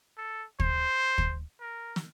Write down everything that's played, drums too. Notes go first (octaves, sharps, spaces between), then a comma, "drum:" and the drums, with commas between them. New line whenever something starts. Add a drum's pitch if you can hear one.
A4
C5, drum: kick
drum: kick
A#4
drum: snare